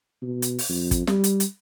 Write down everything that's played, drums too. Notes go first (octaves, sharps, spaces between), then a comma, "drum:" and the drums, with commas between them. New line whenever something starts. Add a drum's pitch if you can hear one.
B2
drum: hi-hat
drum: open hi-hat
F2
drum: kick, hi-hat
G3, drum: snare
drum: hi-hat
drum: hi-hat